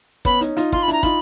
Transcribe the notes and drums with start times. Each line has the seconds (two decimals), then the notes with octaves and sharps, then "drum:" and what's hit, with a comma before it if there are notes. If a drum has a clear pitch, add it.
0.25 B3 C#4 B5, drum: kick, hi-hat
0.41 C#4 D#4, drum: hi-hat
0.57 D#4 F4, drum: hi-hat
0.72 D#4 F4 C6, drum: kick
0.83 B5
0.88 D4 E4 A#5, drum: hi-hat
1.03 D#4 F4 B5, drum: kick, hi-hat